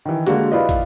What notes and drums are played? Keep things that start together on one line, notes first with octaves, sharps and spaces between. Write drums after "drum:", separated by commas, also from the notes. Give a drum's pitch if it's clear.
D#3 E3
D3 G#3 A#3 F#4, drum: hi-hat
E4 F4 B4 D5 D#5
drum: kick, hi-hat